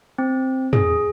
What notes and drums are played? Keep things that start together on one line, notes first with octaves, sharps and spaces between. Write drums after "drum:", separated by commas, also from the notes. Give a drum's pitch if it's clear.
C4
G#4, drum: tom